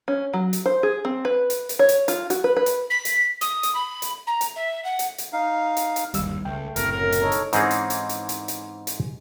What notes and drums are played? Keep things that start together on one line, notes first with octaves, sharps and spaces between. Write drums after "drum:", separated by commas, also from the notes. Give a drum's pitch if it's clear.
C#4
F#3
drum: hi-hat
C5
G#4
C4
B4
drum: hi-hat
drum: hi-hat
C#5
drum: hi-hat
F4, drum: hi-hat
F#4, drum: hi-hat
B4
B4
drum: hi-hat
B6
drum: hi-hat
D#6, drum: hi-hat
drum: hi-hat
B5
drum: hi-hat
A#5
drum: hi-hat
E5
F#5
drum: hi-hat
drum: hi-hat
D#4 F5
drum: hi-hat
drum: hi-hat
G1 D#2 G3 E6, drum: hi-hat
C#2 A3 G5
F#1 A2 C3 A#4, drum: hi-hat
F#2 A#4
drum: hi-hat
D#4 A4 C#5 A#5
drum: hi-hat
G#2 E3 C4 C#4 D#4 G#4, drum: hi-hat
drum: hi-hat
drum: hi-hat
drum: hi-hat
drum: hi-hat
drum: hi-hat
drum: hi-hat